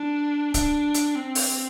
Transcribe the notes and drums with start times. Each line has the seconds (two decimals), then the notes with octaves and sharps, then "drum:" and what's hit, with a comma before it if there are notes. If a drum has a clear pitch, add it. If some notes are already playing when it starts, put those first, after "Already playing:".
Already playing: D4
0.54 D4, drum: kick C#1, hi-hat
0.94 drum: hi-hat
1.15 C4
1.35 drum: open hi-hat